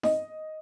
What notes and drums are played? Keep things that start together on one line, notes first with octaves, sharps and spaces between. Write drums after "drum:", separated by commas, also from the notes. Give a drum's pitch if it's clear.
D#5, drum: snare D#4